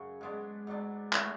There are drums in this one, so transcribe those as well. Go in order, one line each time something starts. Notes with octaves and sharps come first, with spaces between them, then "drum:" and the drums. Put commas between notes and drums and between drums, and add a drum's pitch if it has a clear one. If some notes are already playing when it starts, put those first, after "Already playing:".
Already playing: F#2 C#3
G#2 G#3 B3 D4
G#2 F#3 B3 D4
A2 E3 A3, drum: clap